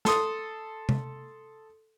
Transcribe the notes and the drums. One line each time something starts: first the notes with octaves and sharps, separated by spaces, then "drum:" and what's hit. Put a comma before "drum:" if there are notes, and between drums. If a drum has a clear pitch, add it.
A4 C6 D#6, drum: snare
drum: tom C3